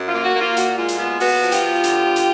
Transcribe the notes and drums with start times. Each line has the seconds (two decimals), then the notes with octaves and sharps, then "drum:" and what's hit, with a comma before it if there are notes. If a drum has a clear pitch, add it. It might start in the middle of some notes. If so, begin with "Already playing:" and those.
Already playing: F#2
0.09 F4
0.14 A#3
0.24 F#4
0.35 A#3
0.41 F4
0.57 A#2 F#4, drum: hi-hat
0.78 G#3 F4
0.88 drum: hi-hat
0.99 B3 F4
1.20 B3 F#4, drum: open hi-hat
1.41 F3
1.52 F4 G4, drum: hi-hat
1.63 B3
1.84 D3, drum: hi-hat
2.05 D3
2.16 drum: hi-hat